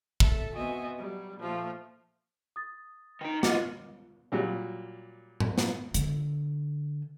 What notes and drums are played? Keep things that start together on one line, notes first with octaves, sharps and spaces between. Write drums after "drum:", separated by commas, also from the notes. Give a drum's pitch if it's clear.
A4 E5 A5, drum: kick
B3 C4 F#4 D#5 E5 G#5
F#3 G3
A#2 F3 A3 F4
D#6 A6
D#3 D#4 G5 D7
F4 D#5 F#5 D6, drum: snare
A#2 F#3 G3
drum: tom A2
drum: snare
D3, drum: hi-hat